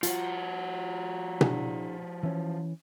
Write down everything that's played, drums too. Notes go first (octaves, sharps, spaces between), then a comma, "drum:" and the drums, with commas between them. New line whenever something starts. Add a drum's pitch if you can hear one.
F3 F4 F#4, drum: hi-hat
D4 E4 G#4, drum: tom B2
E3 C#4